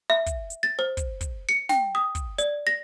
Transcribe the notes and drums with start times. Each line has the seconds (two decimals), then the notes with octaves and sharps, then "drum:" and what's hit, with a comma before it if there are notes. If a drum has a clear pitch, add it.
0.10 E5
0.26 drum: kick, hi-hat
0.50 drum: hi-hat
0.63 A6
0.79 C5
0.97 drum: kick, hi-hat
1.21 drum: kick, hi-hat
1.49 C#7
1.69 G5, drum: snare
1.95 D#6
2.15 drum: kick, hi-hat
2.38 D5, drum: hi-hat
2.67 A#6